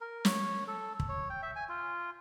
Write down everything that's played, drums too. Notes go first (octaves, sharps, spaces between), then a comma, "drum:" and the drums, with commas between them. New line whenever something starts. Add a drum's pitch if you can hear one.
A#4
C#5, drum: snare
A4
drum: kick
C#5
G5
E5
G#5
F4